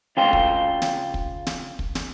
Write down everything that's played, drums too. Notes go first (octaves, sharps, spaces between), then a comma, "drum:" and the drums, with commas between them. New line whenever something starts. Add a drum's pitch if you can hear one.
C#3 F4 F5 G5 C6
drum: kick
drum: snare
drum: kick
drum: snare
drum: kick
drum: snare